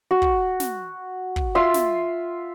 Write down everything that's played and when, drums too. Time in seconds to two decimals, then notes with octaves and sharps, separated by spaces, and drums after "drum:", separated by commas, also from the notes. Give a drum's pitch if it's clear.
0.11 F#4
0.22 drum: kick
0.60 drum: snare
1.36 drum: kick
1.55 F4 E5 C6
1.74 drum: snare